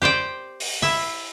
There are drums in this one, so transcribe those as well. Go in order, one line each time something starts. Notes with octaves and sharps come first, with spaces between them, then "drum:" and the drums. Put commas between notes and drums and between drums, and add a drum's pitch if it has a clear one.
G4 C5 D5 G5
drum: open hi-hat
E4 E5